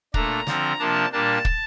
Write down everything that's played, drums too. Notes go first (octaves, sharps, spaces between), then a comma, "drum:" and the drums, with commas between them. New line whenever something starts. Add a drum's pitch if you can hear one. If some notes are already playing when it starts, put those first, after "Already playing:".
A#2 A3 D4 A#5, drum: kick
D3 F3 C4, drum: snare
C3 F3 A#3 D4 A5
A#2 G3 A#3 D4 A5
drum: kick